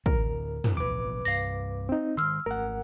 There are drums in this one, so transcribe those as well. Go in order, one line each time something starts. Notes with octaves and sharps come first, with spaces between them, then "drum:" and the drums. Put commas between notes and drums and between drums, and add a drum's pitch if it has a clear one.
D2 A2 A#4, drum: kick
drum: tom
A1 B2 F3 B4 D6
C2 G2 F5 A#6, drum: open hi-hat
C4 D#4
D#3 G#3 C6 E6 F6
G#1 A3 A#4 F#5